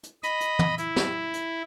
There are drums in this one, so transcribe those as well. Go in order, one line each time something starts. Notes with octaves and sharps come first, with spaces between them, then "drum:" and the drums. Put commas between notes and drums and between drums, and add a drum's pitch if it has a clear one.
drum: hi-hat
D#5 B5, drum: hi-hat
drum: hi-hat
drum: tom
E4, drum: hi-hat
drum: snare
drum: hi-hat